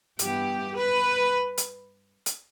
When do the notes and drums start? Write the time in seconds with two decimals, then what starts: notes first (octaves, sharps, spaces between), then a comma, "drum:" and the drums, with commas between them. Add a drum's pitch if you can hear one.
0.19 G2 E3 B3 G4, drum: hi-hat
0.75 B4
1.57 drum: hi-hat
2.26 drum: hi-hat